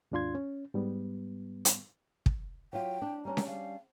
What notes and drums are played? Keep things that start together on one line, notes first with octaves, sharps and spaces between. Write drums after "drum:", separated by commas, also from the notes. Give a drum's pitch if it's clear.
D#2 G#2 D4 F4 C6 G#6
C#4
G#2 G3 B3
drum: hi-hat
drum: kick
F#3 F4 G5
D4
G3 C#4 D4 A#5
drum: snare C#4
F5